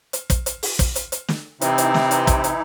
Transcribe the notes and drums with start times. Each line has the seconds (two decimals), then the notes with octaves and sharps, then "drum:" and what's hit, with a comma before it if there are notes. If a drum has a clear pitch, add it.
0.13 drum: hi-hat
0.30 drum: kick, hi-hat
0.46 drum: hi-hat
0.63 drum: open hi-hat
0.79 drum: kick, hi-hat
0.96 drum: hi-hat
1.12 drum: hi-hat
1.28 drum: snare
1.61 C3 E3 D#4 E4, drum: hi-hat
1.78 drum: hi-hat
1.94 drum: snare
2.11 drum: hi-hat
2.27 drum: kick, hi-hat
2.44 drum: hi-hat